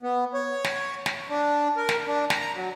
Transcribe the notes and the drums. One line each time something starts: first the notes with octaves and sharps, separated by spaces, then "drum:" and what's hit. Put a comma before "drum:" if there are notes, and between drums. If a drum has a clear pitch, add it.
B3
C#5
drum: snare
drum: snare
D4
A#4
drum: snare
D4
A#5, drum: snare
F#3